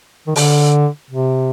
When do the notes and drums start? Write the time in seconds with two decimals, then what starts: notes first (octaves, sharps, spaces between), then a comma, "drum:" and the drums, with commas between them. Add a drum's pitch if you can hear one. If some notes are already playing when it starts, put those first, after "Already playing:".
0.27 D#3
0.36 D3, drum: open hi-hat
1.11 C3